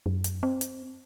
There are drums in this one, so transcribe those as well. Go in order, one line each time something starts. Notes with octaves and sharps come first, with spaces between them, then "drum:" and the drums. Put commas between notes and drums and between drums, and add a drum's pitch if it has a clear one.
F#2
drum: hi-hat
C4
drum: hi-hat